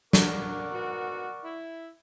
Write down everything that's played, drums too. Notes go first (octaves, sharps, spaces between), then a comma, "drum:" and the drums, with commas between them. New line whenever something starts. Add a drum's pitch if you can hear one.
A#3 C#4 D4 A#4 D5 F#5 C#6, drum: snare
G#2 B3 F#4
E4